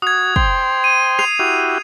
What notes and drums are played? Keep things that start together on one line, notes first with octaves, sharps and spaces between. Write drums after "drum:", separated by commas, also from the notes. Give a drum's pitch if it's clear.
F#4 D#6 G#6
C5 G5 C6, drum: kick
D#7
C7 F7, drum: rim click
E4 F#4 G4